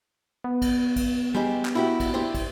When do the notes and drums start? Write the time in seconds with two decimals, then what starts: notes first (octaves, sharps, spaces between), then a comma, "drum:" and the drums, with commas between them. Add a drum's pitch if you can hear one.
0.44 B3
0.62 drum: kick, cymbal
0.96 drum: kick, cymbal
1.35 G3 G#3 G4
1.65 drum: clap
1.75 E4 F#4 G4
2.00 drum: kick, cymbal
2.14 E4 G4 C5
2.35 drum: kick, cymbal